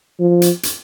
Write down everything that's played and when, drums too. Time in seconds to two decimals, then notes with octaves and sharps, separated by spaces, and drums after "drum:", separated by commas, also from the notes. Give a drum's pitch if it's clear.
0.20 F3
0.42 drum: hi-hat
0.63 drum: hi-hat